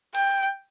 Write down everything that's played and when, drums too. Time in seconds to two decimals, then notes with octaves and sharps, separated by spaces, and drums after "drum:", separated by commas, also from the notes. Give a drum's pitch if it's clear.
0.15 G5, drum: hi-hat